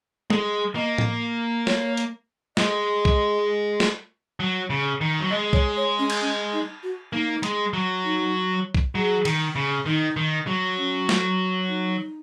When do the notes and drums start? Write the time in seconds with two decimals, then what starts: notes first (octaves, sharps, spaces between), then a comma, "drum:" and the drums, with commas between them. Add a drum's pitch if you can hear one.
0.30 G#3, drum: tom G#3
0.75 A#3 D#5
0.98 drum: tom A2
1.67 C#5, drum: snare
1.97 drum: hi-hat
2.57 G#3 D#5, drum: snare
3.05 drum: kick
3.80 drum: snare
4.40 F#3
4.70 C#3
5.01 D#3
5.20 F#3
5.30 G#3 D#5
5.53 C#5, drum: kick
5.77 C#5
5.99 C#4
6.10 drum: cymbal
6.21 C#4
6.53 D#4
6.83 F#4
7.13 A#3 D#4
7.43 G#3, drum: hi-hat
7.73 F#3
8.05 D#4
8.75 drum: kick
8.95 F#3 G#4
9.25 D#3, drum: cymbal
9.56 C#3
9.86 D#3 D#4
10.16 D#3
10.47 F#3
10.78 C#4
11.09 drum: snare
11.68 D#4